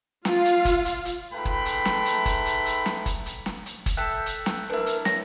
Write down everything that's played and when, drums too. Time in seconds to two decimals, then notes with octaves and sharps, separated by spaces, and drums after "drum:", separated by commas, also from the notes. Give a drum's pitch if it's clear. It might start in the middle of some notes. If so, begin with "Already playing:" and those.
0.25 F4 F5, drum: snare
0.45 drum: hi-hat
0.65 drum: kick, hi-hat
0.85 drum: hi-hat
1.05 drum: hi-hat
1.33 G#2 A3 B4 G5 B5
1.45 drum: kick
1.65 drum: hi-hat
1.85 drum: snare
2.05 drum: hi-hat
2.26 drum: kick, hi-hat
2.46 drum: hi-hat
2.66 drum: hi-hat
2.86 drum: snare
3.06 drum: kick, hi-hat
3.26 drum: hi-hat
3.46 drum: snare
3.66 drum: hi-hat
3.86 drum: kick, hi-hat
3.97 A4 E5 G5 F#6
4.26 drum: hi-hat
4.46 drum: snare
4.70 D4 E4 A#4 B4
4.86 drum: hi-hat
5.05 C#5 A#6, drum: snare